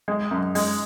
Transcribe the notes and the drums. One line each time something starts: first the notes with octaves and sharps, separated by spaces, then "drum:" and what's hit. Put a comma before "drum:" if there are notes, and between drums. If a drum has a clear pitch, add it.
G#3
F#2
G#3, drum: open hi-hat